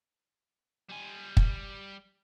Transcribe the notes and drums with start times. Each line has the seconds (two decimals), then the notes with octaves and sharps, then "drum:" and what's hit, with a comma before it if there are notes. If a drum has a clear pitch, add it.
0.89 G3 G#5
1.37 drum: kick